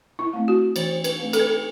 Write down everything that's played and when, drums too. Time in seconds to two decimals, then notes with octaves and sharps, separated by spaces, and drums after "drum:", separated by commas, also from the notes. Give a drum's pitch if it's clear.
0.19 E4
0.33 A3 C4
0.48 F#4
0.76 E3 C5, drum: cymbal
1.04 B4, drum: cymbal
1.19 A3 C4
1.33 A4, drum: cymbal
1.40 B4
1.47 A4